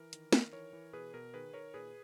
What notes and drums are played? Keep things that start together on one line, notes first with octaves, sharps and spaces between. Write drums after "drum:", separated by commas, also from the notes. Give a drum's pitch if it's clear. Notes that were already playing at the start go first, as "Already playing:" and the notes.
Already playing: E3 A#4
D#3, drum: hi-hat
D#3, drum: snare
E3 A#4 C#5
E3
B2 G#4 B4
B2 A#4
D#3 G#4 B4
D#3 A#4 C#5
A#2 G#4 B4